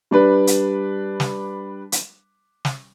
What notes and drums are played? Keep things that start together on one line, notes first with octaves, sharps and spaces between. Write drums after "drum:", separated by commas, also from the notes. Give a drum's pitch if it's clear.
G3 D4 B4
drum: hi-hat
drum: snare
drum: hi-hat
drum: snare